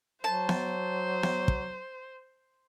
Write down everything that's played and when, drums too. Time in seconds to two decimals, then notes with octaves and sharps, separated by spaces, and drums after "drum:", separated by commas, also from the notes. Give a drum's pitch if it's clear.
0.24 F#3 C5 A5
0.49 drum: snare B3
1.23 drum: snare B3
1.48 drum: kick